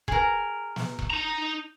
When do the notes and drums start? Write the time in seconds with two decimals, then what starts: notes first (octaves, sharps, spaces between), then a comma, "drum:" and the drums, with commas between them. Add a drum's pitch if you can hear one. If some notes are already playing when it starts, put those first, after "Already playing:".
0.08 G#4 A#4, drum: kick E1
0.76 drum: snare
0.99 drum: kick E1
1.10 D#4 A#5